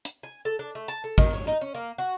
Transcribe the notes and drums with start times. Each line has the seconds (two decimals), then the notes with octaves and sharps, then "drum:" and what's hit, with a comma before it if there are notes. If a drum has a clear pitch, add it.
0.05 drum: hi-hat
0.23 G#5
0.45 A4
0.59 D4
0.75 A3
0.88 A5
1.04 A4
1.18 D#3, drum: kick
1.33 C#5
1.47 D#4
1.61 C#4
1.75 A#3
1.98 F#4